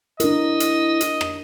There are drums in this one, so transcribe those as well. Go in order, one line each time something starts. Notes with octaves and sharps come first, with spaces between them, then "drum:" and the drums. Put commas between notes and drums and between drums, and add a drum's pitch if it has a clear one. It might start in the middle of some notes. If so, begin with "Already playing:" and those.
D4 E4 A#4 D#5, drum: hi-hat
drum: hi-hat
drum: hi-hat
drum: rim click